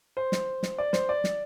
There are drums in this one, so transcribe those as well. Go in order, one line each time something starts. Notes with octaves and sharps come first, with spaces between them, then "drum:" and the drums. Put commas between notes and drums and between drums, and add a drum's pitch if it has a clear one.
C5
drum: snare
drum: snare
D5
C5, drum: snare
D5
drum: snare